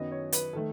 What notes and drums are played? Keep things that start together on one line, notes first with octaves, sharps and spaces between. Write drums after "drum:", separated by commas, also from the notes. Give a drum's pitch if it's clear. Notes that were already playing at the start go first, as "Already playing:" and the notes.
Already playing: F#2 D#3 F#3 B3 D#5
C#5
B4, drum: hi-hat
D#3 A3 A4